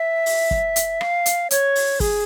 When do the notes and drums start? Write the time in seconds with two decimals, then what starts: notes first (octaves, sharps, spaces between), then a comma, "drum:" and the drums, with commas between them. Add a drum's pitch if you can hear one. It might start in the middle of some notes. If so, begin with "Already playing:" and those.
Already playing: E5
0.26 drum: open hi-hat
0.51 drum: kick
0.76 drum: hi-hat
1.01 F5, drum: rim click
1.26 drum: hi-hat
1.51 C#5, drum: hi-hat
1.75 drum: open hi-hat
2.00 G#4, drum: kick, open hi-hat